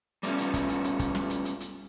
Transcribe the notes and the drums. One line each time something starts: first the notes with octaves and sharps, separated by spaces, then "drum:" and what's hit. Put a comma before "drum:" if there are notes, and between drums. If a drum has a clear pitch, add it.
G3 A3 B3 C#4 F4, drum: hi-hat
drum: hi-hat
drum: kick, hi-hat
drum: hi-hat
drum: hi-hat
drum: kick, hi-hat
drum: snare
drum: hi-hat
drum: hi-hat
drum: hi-hat